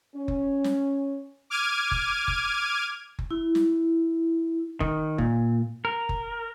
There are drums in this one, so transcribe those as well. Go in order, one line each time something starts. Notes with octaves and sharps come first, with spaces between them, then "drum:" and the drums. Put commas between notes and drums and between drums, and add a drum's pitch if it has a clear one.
C#4
drum: kick F#1
drum: snare
D6 F6 G#6 D#7
drum: kick F#1
drum: kick F#1
drum: kick F#1
E4
drum: snare
D#3, drum: kick F#1
A#2, drum: kick F#1
A#4
drum: kick F#1